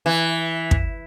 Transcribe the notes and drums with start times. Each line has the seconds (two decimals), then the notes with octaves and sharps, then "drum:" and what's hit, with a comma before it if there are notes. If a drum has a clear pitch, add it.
0.06 E3
0.71 drum: kick